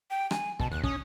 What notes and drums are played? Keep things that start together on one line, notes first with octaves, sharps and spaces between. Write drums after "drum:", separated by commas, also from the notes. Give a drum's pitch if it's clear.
G5
G#5, drum: rim click
B2 A5, drum: kick
D#2 F#6
C#4 D#6, drum: kick